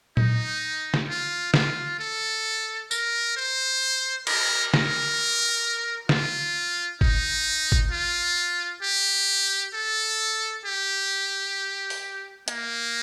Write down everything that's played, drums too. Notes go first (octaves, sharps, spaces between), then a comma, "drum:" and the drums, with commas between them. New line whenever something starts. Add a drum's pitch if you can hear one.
D#4, drum: tom A#2
drum: snare
F4
F4, drum: snare
A4
A#4, drum: tambourine
C5
A#4, drum: cymbal
A#4, drum: snare
F4, drum: snare
D#4, drum: kick G1
drum: kick G1
F4
G4
A4
G4
drum: open hi-hat
A#3, drum: hi-hat